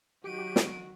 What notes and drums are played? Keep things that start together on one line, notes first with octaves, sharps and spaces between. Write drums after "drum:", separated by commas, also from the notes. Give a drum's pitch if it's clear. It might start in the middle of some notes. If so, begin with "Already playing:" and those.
D#3 F#3 F#4 G4 D7 D#7
drum: snare